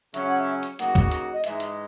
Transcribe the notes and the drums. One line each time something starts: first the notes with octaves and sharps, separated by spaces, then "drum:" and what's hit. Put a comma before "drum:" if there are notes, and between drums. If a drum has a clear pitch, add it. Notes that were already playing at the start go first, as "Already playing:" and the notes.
C#3 F#3 C#4 E5, drum: hi-hat
F#5
E5
drum: hi-hat
C#3 F#3 A#3 D#4 F#4 F#5, drum: hi-hat
drum: kick C2, hi-hat
drum: hi-hat
D#5
G#2 E3 G#3 D#4 E5, drum: hi-hat
drum: hi-hat